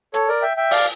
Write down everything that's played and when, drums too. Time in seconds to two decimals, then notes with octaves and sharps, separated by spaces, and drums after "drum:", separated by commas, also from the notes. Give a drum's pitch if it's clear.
0.14 A4 C#5, drum: hi-hat
0.29 A#4 D5
0.42 E5 G5
0.57 E5 G5
0.71 D5 F5, drum: open hi-hat